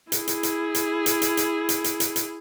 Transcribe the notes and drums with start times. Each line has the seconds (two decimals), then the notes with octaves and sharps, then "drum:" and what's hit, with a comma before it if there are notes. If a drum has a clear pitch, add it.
0.12 E4 G#4, drum: hi-hat
0.27 drum: hi-hat
0.43 drum: hi-hat
0.75 drum: hi-hat
1.06 drum: hi-hat
1.22 drum: hi-hat
1.37 drum: hi-hat
1.69 drum: hi-hat
1.84 drum: hi-hat
2.00 drum: hi-hat
2.16 drum: hi-hat